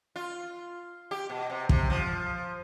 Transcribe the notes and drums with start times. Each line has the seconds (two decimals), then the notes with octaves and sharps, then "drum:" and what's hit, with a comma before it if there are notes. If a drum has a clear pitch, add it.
0.16 F4
1.11 G4
1.30 B2
1.50 C3
1.69 C3, drum: kick
1.90 F3